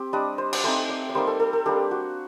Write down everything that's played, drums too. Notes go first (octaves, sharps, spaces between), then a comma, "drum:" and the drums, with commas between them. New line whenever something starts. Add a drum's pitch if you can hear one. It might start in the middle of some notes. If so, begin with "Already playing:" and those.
Already playing: C4 G4
G3 D4 D#5
C5
D5, drum: cymbal
A3 C4 D#4 C5
D5
D5
G3 A#3 D#4 C5
A4
A4
A4
G3 A#3 D4 G4
F#4